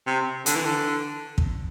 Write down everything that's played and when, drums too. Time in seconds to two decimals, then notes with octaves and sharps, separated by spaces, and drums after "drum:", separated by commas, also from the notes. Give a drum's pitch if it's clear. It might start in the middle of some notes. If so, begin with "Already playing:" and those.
0.07 C3
0.46 D3, drum: hi-hat
0.56 E3
0.65 D3
1.38 drum: kick